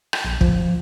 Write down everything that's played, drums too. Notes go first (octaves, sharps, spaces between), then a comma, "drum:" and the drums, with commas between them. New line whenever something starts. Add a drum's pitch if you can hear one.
drum: rim click
A#1
F3, drum: kick